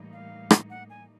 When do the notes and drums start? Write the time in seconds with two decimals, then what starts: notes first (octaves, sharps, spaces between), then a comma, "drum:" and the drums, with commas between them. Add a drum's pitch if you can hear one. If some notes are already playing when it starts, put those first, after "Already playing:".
Already playing: A2 E3 G3 A#3 D#4
0.12 F5
0.51 drum: rim click
0.70 F#5
0.90 G#5